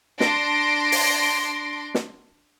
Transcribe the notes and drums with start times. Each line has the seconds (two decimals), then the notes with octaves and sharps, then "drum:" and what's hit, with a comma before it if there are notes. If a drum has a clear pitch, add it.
0.20 D4 C6 A#6 D7, drum: snare
0.92 drum: open hi-hat
1.95 drum: snare